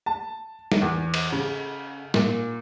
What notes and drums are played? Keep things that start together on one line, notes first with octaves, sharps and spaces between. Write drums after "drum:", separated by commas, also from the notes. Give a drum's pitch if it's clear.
A5
drum: snare
E2
drum: cymbal
C#3
A#2, drum: snare